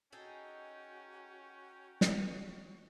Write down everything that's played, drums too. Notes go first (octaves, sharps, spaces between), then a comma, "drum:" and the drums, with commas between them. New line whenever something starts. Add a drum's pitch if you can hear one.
C#4 D#4 F#4 G#4 A4 G5
drum: snare